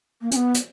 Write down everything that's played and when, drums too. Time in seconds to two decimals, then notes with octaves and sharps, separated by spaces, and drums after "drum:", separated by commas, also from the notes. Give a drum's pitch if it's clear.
0.21 A#3
0.31 C#4, drum: hi-hat
0.35 B3
0.54 drum: hi-hat